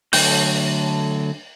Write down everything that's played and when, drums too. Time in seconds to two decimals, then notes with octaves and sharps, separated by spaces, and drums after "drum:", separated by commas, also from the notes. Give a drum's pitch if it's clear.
0.13 D3 F#3 A3 G6, drum: open hi-hat